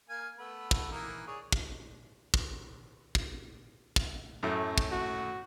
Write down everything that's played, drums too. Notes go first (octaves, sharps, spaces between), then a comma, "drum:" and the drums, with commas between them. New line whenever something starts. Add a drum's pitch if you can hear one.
A#3 F5 G#5
A3 B3 B4
drum: kick
E3 A#3 D#4
G#4 C#5 D5
drum: kick
drum: kick
drum: kick
drum: kick
F#2 A2 A3
drum: kick
F#4